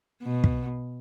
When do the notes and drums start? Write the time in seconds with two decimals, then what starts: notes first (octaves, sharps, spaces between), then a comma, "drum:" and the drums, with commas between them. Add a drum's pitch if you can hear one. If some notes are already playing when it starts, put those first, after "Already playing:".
0.23 B2
0.44 drum: kick